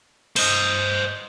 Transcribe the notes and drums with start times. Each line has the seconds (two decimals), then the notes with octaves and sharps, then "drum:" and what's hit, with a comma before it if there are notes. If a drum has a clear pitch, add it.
0.36 C5 D#5, drum: cymbal